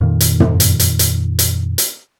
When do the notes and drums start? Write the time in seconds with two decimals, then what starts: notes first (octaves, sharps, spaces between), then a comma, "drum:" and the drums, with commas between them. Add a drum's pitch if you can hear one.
0.01 F2 A#2 D#3
0.20 drum: hi-hat
0.40 drum: tom
0.60 drum: hi-hat
0.80 drum: hi-hat
0.99 drum: hi-hat
1.39 drum: hi-hat
1.78 drum: hi-hat